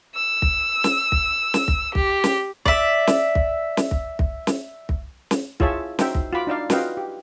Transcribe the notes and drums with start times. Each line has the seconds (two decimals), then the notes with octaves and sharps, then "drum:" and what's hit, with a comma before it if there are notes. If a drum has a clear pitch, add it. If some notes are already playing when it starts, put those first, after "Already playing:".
0.16 E6
0.42 drum: kick
0.84 drum: snare
1.12 drum: kick
1.54 drum: snare
1.68 drum: kick
1.95 G4, drum: kick
2.24 drum: snare
2.66 D5 E5, drum: kick
3.07 drum: snare
3.35 drum: kick
3.77 drum: snare
3.91 drum: kick
4.19 drum: kick
4.47 drum: snare
4.89 drum: kick
5.31 drum: snare
5.60 E4 F4 G#4 C#5 E5 A5, drum: kick
5.99 D#4 F#4 C5 E5 G5, drum: snare
6.15 drum: kick
6.33 F4 F#4 B5 D6
6.47 D4 D#4 D5 F5
6.70 F4 F#4 B4 D#5 F5 G5, drum: snare
6.97 G4